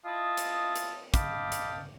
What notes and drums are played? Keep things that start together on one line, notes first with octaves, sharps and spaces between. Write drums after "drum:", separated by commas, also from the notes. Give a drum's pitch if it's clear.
E4 F4 D#5 A5 D#6
drum: hi-hat
drum: hi-hat
D#5 F5 G5 A5 B5 D6, drum: kick, hi-hat
drum: hi-hat